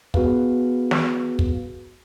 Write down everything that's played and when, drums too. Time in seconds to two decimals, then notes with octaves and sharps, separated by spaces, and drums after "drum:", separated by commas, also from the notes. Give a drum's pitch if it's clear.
0.14 B3 F#4 G#4 B4 F5, drum: kick
0.91 drum: snare
1.39 drum: kick